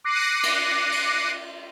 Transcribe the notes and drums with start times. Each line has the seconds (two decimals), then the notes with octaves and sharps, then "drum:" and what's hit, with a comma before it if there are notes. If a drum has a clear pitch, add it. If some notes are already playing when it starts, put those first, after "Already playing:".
0.04 D6 F#6 A#6 C7 C#7 D#7
0.43 drum: cymbal
0.92 drum: open hi-hat